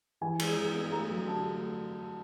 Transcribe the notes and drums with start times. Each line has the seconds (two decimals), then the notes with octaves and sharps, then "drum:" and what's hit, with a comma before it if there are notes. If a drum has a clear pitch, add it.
0.21 E3 G#5
0.40 G#3, drum: cymbal
0.57 E3
0.75 B3
0.92 A3 A#5
1.10 F#3
1.28 D3 A5
1.46 A3